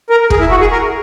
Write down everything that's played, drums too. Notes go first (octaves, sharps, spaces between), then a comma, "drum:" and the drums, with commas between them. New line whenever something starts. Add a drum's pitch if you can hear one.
A#4
G#4, drum: kick
E4
F#4
G#4
A#4